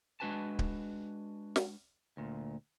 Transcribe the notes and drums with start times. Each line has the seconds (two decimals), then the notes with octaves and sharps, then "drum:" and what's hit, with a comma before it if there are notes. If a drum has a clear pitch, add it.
0.20 G#3 D4 F#4 B4 G#5 A5
0.59 drum: kick D1
1.56 drum: snare
2.17 D2 A#2